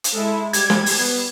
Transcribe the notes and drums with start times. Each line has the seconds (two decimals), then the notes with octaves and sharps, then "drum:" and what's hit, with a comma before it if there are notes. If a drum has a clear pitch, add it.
0.04 drum: hi-hat
0.14 G#3 E4 A4
0.53 G3 G4 G#6, drum: hi-hat
0.70 drum: snare
0.86 drum: open hi-hat
0.97 B3